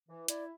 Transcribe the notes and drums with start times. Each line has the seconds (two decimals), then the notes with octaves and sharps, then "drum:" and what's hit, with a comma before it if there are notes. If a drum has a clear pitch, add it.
0.09 E3
0.28 E4 D5, drum: hi-hat